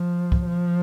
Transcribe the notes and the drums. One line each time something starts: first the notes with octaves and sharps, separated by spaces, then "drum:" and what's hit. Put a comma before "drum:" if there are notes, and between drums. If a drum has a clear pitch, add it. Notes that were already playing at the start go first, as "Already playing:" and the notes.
Already playing: F3
drum: kick
F3